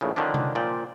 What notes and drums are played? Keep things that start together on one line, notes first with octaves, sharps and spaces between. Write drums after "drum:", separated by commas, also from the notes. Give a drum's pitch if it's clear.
A#1 A2 C#3
D3 D#3 F3 C#4 D4
drum: tom C3
A#2 F3 D5 G5